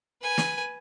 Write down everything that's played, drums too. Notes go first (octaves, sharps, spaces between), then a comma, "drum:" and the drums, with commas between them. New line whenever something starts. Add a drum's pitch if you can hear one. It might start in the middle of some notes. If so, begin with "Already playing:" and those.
B4 G#5
drum: snare